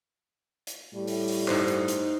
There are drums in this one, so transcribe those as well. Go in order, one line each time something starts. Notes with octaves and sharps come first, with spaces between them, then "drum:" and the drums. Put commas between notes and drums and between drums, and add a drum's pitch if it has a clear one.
drum: hi-hat
A2 G3
drum: open hi-hat
drum: open hi-hat
D#4 C5, drum: clap
drum: hi-hat
drum: hi-hat